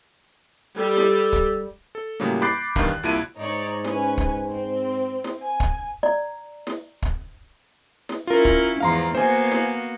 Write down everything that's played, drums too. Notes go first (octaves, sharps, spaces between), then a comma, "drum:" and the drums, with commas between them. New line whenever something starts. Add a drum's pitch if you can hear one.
G3 A4
drum: snare
drum: kick
A4
A2 C#3 F#3 G3 A#3
B5 D6 F#6 G6 A6 C7, drum: snare
E2 G2 D#3 F5, drum: kick
F#6
C2 A#2 E4 A5 D7 D#7
G#2 D#4 C#5 D5
C#4 B4 G#5, drum: snare
drum: kick
C4
drum: snare
G#5
drum: kick
D5 A#5
drum: snare
drum: kick
drum: snare
C#4 E4 F4 A#4
drum: kick
E2 G#2 F3 F5 A#5 C6
A#3 B3 F#4 C5 G#5
drum: snare